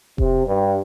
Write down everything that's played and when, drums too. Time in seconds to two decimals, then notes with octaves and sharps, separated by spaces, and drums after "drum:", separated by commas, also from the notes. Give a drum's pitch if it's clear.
0.18 C3, drum: kick E1
0.47 G2